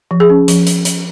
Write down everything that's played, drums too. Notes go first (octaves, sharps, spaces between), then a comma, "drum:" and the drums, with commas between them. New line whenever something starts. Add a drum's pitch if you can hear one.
F3
G#4
C#4
F3, drum: hi-hat
drum: hi-hat
drum: hi-hat